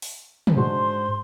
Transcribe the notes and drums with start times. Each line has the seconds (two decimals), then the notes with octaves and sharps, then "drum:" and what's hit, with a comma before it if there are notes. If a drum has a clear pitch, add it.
0.02 drum: open hi-hat
0.47 drum: tom
0.57 G#2 G#3 D4 F#4 C5 C6